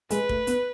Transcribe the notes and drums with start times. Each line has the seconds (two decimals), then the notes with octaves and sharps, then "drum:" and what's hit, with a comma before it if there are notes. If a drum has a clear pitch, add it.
0.10 G#3 B4, drum: hi-hat
0.29 A3, drum: kick
0.47 B3, drum: hi-hat